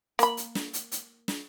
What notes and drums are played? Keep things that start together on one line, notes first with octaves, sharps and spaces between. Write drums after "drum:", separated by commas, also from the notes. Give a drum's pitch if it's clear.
A#3 B5, drum: hi-hat
drum: hi-hat
drum: snare
drum: hi-hat
drum: hi-hat
drum: snare